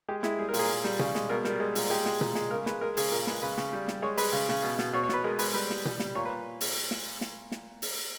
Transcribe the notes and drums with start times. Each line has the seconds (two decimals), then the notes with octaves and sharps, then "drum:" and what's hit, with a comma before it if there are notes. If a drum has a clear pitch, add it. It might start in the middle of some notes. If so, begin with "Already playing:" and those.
0.08 G#3 G4
0.23 G#3 E4, drum: snare
0.39 G3 G#4
0.49 A#4
0.54 A#2, drum: open hi-hat
0.59 G#4
0.69 A#2
0.84 G3, drum: snare
0.99 C#3, drum: tom B2
1.15 G#3, drum: snare
1.29 B2 A#4
1.44 G3 A#4, drum: snare
1.60 G#3
1.75 A#2, drum: open hi-hat
1.90 G#3 G4
2.06 G#3, drum: snare
2.21 A#2, drum: tom B2
2.35 G#3, drum: snare
2.51 C#3 A#4
2.66 G#3 B4, drum: snare
2.81 G#3 A#4
2.97 C#3 G#4, drum: open hi-hat
3.12 A#2 A#4
3.27 G#3 B4, drum: snare
3.42 C#3 B4
3.58 C#3, drum: snare
3.73 G3
3.88 G3, drum: snare
4.02 G#3 C#5
4.17 G#3 B4, drum: open hi-hat
4.32 C#3
4.49 C#3, drum: snare
4.63 B2
4.79 B2, drum: snare
4.93 B2 C#5
5.03 C#5
5.09 B2 B4, drum: snare
5.24 G#3 A#4
5.39 G#3 B4, drum: open hi-hat
5.54 G3 B4
5.70 G3, drum: snare
5.85 G3, drum: tom B2
5.99 G3, drum: snare
6.15 A#2 C#5
6.25 B4
6.61 drum: open hi-hat
6.91 drum: snare
7.21 drum: snare
7.52 drum: snare
7.82 drum: open hi-hat